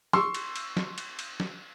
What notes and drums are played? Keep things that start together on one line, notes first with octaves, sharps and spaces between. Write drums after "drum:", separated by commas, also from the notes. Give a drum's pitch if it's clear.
C6 C#6 E6, drum: snare
drum: cymbal
drum: cymbal
drum: snare
drum: cymbal
drum: cymbal
drum: snare